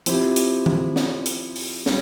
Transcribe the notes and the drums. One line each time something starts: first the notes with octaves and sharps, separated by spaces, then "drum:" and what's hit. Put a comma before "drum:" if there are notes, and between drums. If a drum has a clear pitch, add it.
F3 C4 E4 G4, drum: hi-hat
drum: hi-hat
drum: tom D#3
drum: snare
drum: hi-hat
drum: open hi-hat
G3, drum: snare